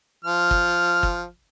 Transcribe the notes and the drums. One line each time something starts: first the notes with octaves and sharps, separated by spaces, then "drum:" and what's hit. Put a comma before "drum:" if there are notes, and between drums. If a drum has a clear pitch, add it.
F3 F6
drum: kick
drum: kick